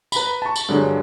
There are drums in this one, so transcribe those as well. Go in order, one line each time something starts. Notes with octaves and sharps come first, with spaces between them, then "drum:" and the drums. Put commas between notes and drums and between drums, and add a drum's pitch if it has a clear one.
B4 A#5 B5, drum: tambourine
A5 C#6
drum: tambourine
G2 D3 F#3 G#3 D4